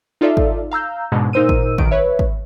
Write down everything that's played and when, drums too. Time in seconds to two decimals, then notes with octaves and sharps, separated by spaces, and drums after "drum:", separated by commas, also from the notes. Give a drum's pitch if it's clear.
0.21 D#4 F4 A4 D5 E5
0.37 drum: kick G#1
0.71 F5 A#5 E6 G6
1.12 G#2 B2 D3 G#3
1.33 A#2 D#4 A#4 C5 E6 D#7
1.49 drum: kick G#1
1.78 B1 D#3 D7, drum: kick G#1
1.91 B4 C#5 E5
2.19 drum: kick G#1